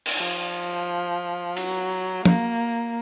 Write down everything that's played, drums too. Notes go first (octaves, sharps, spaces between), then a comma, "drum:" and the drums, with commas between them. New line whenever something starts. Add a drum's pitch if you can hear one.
drum: cymbal
F3
F#3, drum: cymbal
A#3, drum: tom